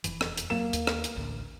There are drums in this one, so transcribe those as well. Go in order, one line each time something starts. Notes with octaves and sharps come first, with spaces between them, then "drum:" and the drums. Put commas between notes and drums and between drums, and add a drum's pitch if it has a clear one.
E1 F2 E3, drum: hi-hat
drum: rim click
drum: hi-hat
F#3 A#3 E7
D#2, drum: hi-hat
drum: rim click
drum: hi-hat
A1 D2 D3